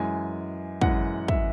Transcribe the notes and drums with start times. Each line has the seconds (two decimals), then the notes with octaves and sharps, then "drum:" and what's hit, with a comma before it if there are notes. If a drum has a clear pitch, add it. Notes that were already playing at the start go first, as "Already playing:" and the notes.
Already playing: F#2 E3 G#3 G#5
0.81 F#2 E3 G#3 F#5, drum: kick
1.28 E5, drum: kick